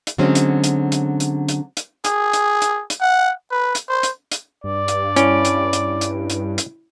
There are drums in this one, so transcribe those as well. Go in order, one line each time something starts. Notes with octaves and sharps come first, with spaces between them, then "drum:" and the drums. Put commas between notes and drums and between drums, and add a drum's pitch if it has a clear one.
drum: hi-hat
D3 F#3 G#3 C4 C#4
drum: hi-hat
drum: hi-hat
drum: hi-hat
drum: hi-hat
drum: hi-hat
drum: hi-hat
G#4, drum: hi-hat
drum: hi-hat
drum: hi-hat
drum: hi-hat
F#5
B4
drum: hi-hat
C5
drum: hi-hat
drum: hi-hat
G2 D5
drum: hi-hat
C#4 E4 D7, drum: hi-hat
drum: hi-hat
drum: hi-hat
drum: hi-hat
drum: hi-hat
drum: hi-hat